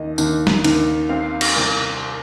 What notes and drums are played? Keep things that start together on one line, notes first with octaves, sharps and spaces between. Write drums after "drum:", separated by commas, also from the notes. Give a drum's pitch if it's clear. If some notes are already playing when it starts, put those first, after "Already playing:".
Already playing: D#2 D#5
D#2, drum: tambourine
drum: snare
D#2, drum: cymbal
C4 F5
drum: cymbal
C2